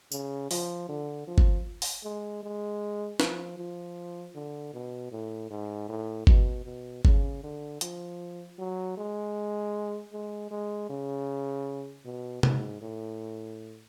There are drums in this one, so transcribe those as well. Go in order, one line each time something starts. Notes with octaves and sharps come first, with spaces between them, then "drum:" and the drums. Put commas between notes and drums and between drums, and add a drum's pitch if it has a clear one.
C#3, drum: tambourine
F3, drum: open hi-hat
D3
F3
drum: kick G1
drum: open hi-hat
G#3
G#3
F3, drum: snare
F3
D3
B2
A2
G#2
A2
B2, drum: kick G1
B2
C#3, drum: kick G1
D3
F3, drum: hi-hat
F#3
G#3
G#3
G#3
C#3
B2
G#2, drum: tom C3
A2